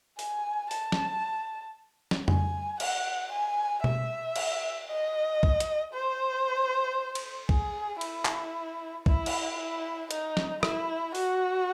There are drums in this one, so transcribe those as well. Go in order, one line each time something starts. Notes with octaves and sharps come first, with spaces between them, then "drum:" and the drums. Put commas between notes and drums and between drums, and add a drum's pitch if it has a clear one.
G#5, drum: open hi-hat
A5, drum: open hi-hat
drum: snare
drum: snare
G#5, drum: tom F2
F#5, drum: cymbal
G#5
E5, drum: tom B2
drum: cymbal
D#5
drum: kick C2
drum: hi-hat
C5
drum: cymbal
G#4, drum: kick C2
E4, drum: cymbal
drum: clap
E4, drum: kick C2
drum: cymbal
E4
D#4, drum: hi-hat
drum: snare
E4, drum: rim click
F#4, drum: open hi-hat